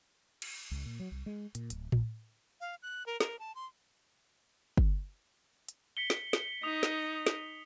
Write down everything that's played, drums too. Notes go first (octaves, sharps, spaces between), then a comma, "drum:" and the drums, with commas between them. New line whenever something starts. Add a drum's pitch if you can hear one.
drum: cymbal
C#2
A#2
F#3
C2
G#3
A#2, drum: hi-hat
D1, drum: hi-hat
A#1, drum: tom A2
F5
F#6
A#4
A#4, drum: snare
A5
C6
drum: kick G1
drum: hi-hat
B6 C#7 G7
drum: snare
drum: snare
D#4 D#6 F7
drum: snare
drum: snare